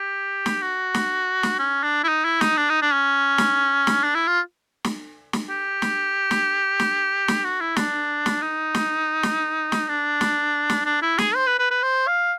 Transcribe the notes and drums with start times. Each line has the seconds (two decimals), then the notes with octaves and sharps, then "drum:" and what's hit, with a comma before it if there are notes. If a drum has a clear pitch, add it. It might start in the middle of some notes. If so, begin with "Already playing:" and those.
Already playing: G4
0.46 drum: snare
0.62 F#4
0.94 drum: snare
1.43 drum: snare
1.59 C#4
1.83 D4
2.04 E4
2.08 D#4
2.25 E4
2.41 D#4, drum: snare
2.57 D4
2.70 D#4
2.82 D4
2.93 C#4
3.38 drum: snare
3.87 drum: snare
4.04 D4
4.15 E4
4.28 F4
4.84 drum: snare
5.33 drum: snare
5.50 G4
5.82 drum: snare
6.31 drum: snare
6.80 drum: snare
7.28 drum: snare
7.44 F#4
7.61 E4
7.76 D4, drum: snare
8.26 drum: snare
8.42 D#4
8.75 drum: snare
9.23 drum: snare
9.72 drum: snare
9.88 D4
10.21 drum: snare
10.70 drum: snare
10.86 D4
11.02 E4
11.18 G#4, drum: snare
11.35 C5
11.47 B4
11.59 B4
11.71 B4
11.83 C5
12.08 F5